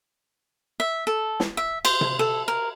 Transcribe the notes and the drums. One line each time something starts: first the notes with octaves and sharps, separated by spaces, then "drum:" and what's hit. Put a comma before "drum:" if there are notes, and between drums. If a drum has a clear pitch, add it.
E5
A4
drum: snare
E5
C5, drum: cymbal
drum: tom C3
A4
A#4